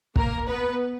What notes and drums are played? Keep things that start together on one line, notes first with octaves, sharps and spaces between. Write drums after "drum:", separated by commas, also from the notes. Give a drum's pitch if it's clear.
A#3 A#4, drum: kick
B3 B4